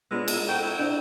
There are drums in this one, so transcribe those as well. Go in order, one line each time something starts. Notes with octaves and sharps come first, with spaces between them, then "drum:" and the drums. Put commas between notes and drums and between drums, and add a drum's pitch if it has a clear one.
G#3 B3 D4 F4 C#5 E6
C#4 D#4, drum: cymbal
C4 A4 F#5 G5 C#6
E4
D4 C5 D5 D#5